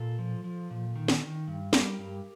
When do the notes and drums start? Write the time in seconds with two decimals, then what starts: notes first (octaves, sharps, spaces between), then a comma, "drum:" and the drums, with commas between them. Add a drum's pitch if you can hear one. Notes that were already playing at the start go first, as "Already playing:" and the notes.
Already playing: A#2 F4 A4
0.19 F3
0.44 F3
0.71 A#2
0.96 D#3
1.08 drum: snare
1.22 D#3
1.48 G2
1.73 G3 G4 A#4, drum: snare
1.99 G2